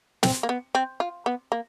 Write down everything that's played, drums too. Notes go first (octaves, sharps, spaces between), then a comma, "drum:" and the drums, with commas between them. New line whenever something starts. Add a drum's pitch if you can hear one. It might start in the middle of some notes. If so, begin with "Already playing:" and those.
C4, drum: snare
A#3
B3
C4
F4
B3
A#3